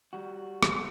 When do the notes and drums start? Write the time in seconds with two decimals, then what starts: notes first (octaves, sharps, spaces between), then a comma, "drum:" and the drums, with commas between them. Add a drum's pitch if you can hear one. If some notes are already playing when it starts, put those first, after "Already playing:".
0.13 G3 F#4
0.63 drum: rim click